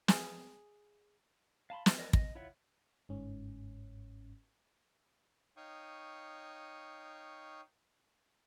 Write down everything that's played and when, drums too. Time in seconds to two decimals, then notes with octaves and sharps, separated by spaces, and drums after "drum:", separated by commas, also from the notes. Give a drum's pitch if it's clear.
0.08 G#4, drum: snare
1.70 F5 A5 B5 C6
1.86 B3, drum: snare
1.99 A#4 B4 D5 D#5
2.13 D#5, drum: kick
2.35 E4 F4 C#5 E5 F#5
3.09 G1 G#2 C#4
5.57 D#4 C#5 F5 G5 C#6 D#6